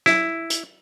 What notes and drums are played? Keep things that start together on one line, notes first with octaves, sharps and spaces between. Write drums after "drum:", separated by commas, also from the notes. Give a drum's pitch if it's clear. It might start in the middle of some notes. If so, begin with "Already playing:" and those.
E4, drum: snare
drum: hi-hat